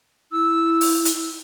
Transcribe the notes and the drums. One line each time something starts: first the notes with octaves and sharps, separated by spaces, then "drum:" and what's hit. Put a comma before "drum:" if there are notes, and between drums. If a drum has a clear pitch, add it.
E4 E6
drum: open hi-hat
drum: hi-hat